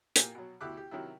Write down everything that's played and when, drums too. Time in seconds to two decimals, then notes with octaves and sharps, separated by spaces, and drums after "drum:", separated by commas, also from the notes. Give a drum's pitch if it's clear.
0.16 A#2 A#3 G4 G5 G#5, drum: hi-hat
0.35 B2 F#3
0.61 D2 B2 E4 G4 D6 F#6
0.77 G4
0.91 C3 D#3 F#3 E4